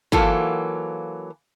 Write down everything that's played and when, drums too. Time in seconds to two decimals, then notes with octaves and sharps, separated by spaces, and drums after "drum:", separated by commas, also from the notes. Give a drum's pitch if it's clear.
0.12 E3 F#3 A#3 F4 A4, drum: kick